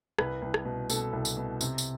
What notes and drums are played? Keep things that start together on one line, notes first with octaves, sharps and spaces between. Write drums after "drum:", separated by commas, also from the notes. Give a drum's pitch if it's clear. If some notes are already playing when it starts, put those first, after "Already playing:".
C2 B4, drum: rim click
C2
drum: rim click
B2
B2 A4, drum: tambourine
C2
drum: tambourine
B2
C3, drum: tambourine
drum: tambourine